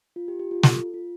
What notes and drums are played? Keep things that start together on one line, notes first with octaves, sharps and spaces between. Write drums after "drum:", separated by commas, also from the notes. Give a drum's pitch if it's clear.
F4
G4
G4
F4
A4, drum: snare
F4